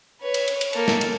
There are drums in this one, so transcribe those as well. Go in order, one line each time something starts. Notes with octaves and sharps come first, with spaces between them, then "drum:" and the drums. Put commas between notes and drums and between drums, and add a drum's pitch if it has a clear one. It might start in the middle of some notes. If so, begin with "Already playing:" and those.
B4 C#5
drum: cymbal
drum: cymbal
drum: cymbal
A#3 A4, drum: cymbal
drum: snare
drum: cymbal